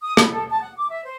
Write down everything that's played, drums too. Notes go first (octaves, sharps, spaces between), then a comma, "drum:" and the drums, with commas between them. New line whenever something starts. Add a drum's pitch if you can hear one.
D#6
B5, drum: rim click
A4
A5
F#5
D6
E5
C5